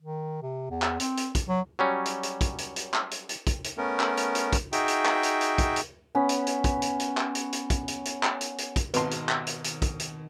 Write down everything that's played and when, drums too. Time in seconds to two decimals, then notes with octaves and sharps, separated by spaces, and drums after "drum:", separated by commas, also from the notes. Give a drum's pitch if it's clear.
0.02 D#3
0.42 C3
0.70 E2
0.82 drum: clap
1.00 C4, drum: hi-hat
1.17 drum: hi-hat
1.35 drum: kick, hi-hat
1.49 F#3
1.79 F#3 G3 C#4
2.06 drum: hi-hat
2.23 drum: hi-hat
2.41 drum: kick, hi-hat
2.58 drum: hi-hat
2.76 drum: hi-hat
2.94 drum: clap
3.11 drum: hi-hat
3.29 drum: hi-hat
3.47 drum: kick, hi-hat
3.64 drum: hi-hat
3.77 A3 B3 C#4 A#4
4.00 drum: clap
4.17 drum: hi-hat
4.35 drum: hi-hat
4.53 drum: kick, hi-hat
4.73 D#4 F#4 G#4 E5 G5, drum: hi-hat
4.88 drum: hi-hat
5.05 drum: clap
5.23 drum: hi-hat
5.41 drum: hi-hat
5.58 drum: kick, hi-hat
5.76 drum: hi-hat
6.15 B3 C#4 B4
6.29 drum: hi-hat
6.47 drum: hi-hat
6.64 drum: kick, hi-hat
6.82 drum: hi-hat
7.00 drum: hi-hat
7.17 drum: clap
7.35 drum: hi-hat
7.52 drum: hi-hat
7.70 drum: kick, hi-hat
7.88 drum: hi-hat
8.05 drum: hi-hat
8.23 drum: clap
8.41 drum: hi-hat
8.58 drum: hi-hat
8.76 drum: kick, hi-hat
8.94 G#1 B2 D#3 C4 B4 A5 C6, drum: hi-hat
9.11 drum: hi-hat
9.29 drum: clap
9.47 drum: hi-hat
9.64 drum: hi-hat
9.82 drum: kick, hi-hat
10.00 drum: hi-hat